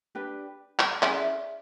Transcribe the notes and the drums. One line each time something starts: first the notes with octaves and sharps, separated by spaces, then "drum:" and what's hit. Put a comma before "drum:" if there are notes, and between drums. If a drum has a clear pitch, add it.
D4 G4 B4
drum: clap
C#4 E4 G#4 D5 E5, drum: clap